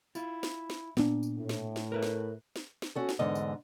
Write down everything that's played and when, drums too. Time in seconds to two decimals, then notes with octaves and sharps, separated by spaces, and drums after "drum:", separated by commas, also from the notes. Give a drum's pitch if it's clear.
0.15 E4 F4, drum: tambourine
0.43 drum: snare
0.70 drum: snare
0.97 A#2 B3 D4, drum: snare
1.23 drum: tambourine
1.37 A2
1.49 drum: snare
1.76 drum: snare
1.92 A#4 B4 E5
2.03 drum: snare
2.56 drum: snare
2.82 drum: snare
2.96 C#4 F#4 A4
3.09 drum: snare
3.19 E2 G#2 D3 D#5
3.35 drum: tambourine